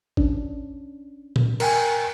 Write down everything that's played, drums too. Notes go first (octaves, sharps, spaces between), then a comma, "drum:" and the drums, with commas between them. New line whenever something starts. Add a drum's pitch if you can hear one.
C#4 D4, drum: kick G#1
drum: tom A#2
A#4 G5 G#5, drum: cymbal